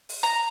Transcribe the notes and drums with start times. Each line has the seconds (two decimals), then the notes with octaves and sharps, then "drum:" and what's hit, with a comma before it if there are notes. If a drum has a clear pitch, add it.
0.09 drum: open hi-hat
0.23 A#5